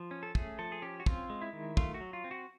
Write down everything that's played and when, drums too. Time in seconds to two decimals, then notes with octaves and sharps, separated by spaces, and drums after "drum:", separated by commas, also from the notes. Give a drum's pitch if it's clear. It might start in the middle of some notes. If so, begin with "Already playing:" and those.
Already playing: F3
0.11 C#4
0.23 A4
0.35 A3 G#4, drum: kick
0.59 F3 A4
0.72 G#4
0.82 C#4 G4
1.00 F#4
1.06 C4 F4, drum: kick
1.30 G#3
1.41 E4
1.53 D#3
1.77 A3 F4, drum: kick
1.94 F#4
2.01 F#3
2.13 F4
2.24 C4
2.31 F#4